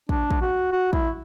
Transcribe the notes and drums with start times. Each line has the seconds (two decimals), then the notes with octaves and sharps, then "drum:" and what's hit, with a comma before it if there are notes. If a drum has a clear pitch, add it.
0.09 D4, drum: kick
0.31 drum: kick
0.41 F#4
0.72 F#4
0.93 E4, drum: kick